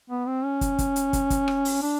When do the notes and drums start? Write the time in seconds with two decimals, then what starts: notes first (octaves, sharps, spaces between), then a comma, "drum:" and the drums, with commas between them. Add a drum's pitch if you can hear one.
0.10 B3
0.27 C4
0.45 C#4
0.61 drum: kick, hi-hat
0.79 drum: kick, hi-hat
0.96 drum: hi-hat
1.13 drum: kick, hi-hat
1.30 drum: kick, hi-hat
1.48 drum: rim click
1.65 drum: open hi-hat
1.83 D4